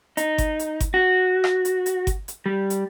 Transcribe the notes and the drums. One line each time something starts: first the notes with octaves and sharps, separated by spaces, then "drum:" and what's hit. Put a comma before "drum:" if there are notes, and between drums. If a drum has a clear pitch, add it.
D#4, drum: hi-hat
drum: kick G1, hi-hat
drum: hi-hat
drum: kick G1, hi-hat
F#4
drum: rim click
drum: hi-hat
drum: hi-hat
drum: kick G1, hi-hat
drum: hi-hat
G3
drum: hi-hat